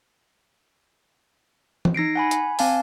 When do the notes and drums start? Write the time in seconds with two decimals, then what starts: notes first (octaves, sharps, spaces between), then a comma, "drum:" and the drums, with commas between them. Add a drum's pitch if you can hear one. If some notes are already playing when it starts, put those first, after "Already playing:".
1.85 drum: tom E3
1.94 D#4 A#6 C7 D7
2.15 F#5 G#5 B5
2.31 G#5, drum: hi-hat
2.59 C4 F5 G#5 A5, drum: open hi-hat